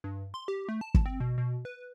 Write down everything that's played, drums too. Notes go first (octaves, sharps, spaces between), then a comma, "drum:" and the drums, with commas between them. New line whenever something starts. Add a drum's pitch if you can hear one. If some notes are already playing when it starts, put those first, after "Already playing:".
G2
C6
G4
A3
A5
drum: kick
C4
B2
B2
B4